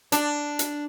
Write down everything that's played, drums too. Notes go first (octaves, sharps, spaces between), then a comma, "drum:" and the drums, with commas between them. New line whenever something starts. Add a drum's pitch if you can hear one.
D4, drum: hi-hat
drum: hi-hat